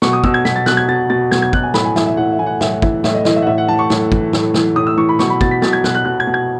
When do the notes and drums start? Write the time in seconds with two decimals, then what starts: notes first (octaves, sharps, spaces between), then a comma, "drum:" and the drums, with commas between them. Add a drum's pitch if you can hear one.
0.02 B2 C#6, drum: snare
0.13 D#6
0.24 B2 E6, drum: kick
0.34 G#6
0.45 B2 B6, drum: snare
0.56 A6
0.66 B2 F#6, drum: snare
0.77 G#6
0.88 B2 A6
1.10 B2 A6
1.31 B2 G#6, drum: snare
1.42 G#6
1.53 B2 F#6, drum: kick
1.63 G#5
1.74 A2 B5, drum: snare
1.85 G#5
1.96 E3 E5, drum: snare
2.07 E5
2.17 A2 F#5
2.32 E5
2.39 E3 G#5
2.46 F#5
2.61 A2 E5, drum: snare
2.82 E3 E5, drum: kick
3.04 A2 E5, drum: snare
3.15 D#5
3.25 E3 D#5, drum: snare
3.36 E5
3.42 F#5
3.47 A2 E5
3.58 F#5
3.68 E3 A5
3.79 C#6
3.90 A2, drum: snare
4.12 E3, drum: kick
4.33 A2, drum: snare
4.54 E3, drum: snare
4.76 A2 D#6
4.87 E6
4.97 E3 C#6
5.09 B5
5.19 B2 C#6, drum: snare
5.30 B5
5.41 B2 A6, drum: kick
5.51 B6
5.62 B2 A6, drum: snare
5.73 G#6
5.84 B2 F#6, drum: snare
5.95 F#6
6.05 B2 F#6
6.20 G#6
6.27 B2
6.34 G#6